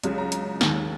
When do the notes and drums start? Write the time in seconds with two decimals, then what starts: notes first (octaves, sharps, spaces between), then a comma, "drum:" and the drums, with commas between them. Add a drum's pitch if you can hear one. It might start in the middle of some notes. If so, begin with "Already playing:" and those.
0.03 C#2 C#3 F#3, drum: hi-hat
0.18 A#5
0.32 drum: hi-hat
0.61 D#2 D#3 G#3, drum: snare